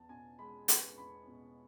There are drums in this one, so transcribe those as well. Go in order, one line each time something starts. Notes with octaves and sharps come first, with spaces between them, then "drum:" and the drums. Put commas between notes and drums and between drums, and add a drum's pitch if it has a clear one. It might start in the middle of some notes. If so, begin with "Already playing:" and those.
Already playing: E2 A5
B2 G#5
G#3 B5
B3 C#6, drum: hi-hat
E2 B5
B2